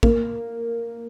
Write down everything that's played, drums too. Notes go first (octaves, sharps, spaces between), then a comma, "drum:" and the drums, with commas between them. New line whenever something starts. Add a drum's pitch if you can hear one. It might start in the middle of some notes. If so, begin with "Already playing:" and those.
A#3, drum: kick